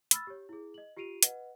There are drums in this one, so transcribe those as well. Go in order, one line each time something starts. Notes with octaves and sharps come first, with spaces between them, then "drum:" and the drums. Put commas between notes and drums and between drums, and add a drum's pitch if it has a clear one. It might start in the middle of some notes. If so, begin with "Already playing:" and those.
B5 E6 F6 A6, drum: hi-hat
G4 C#5
E4 G#4
D#5 F#7
F4 G4 C7 D7 D#7 F7
B4 D#5 F#5, drum: hi-hat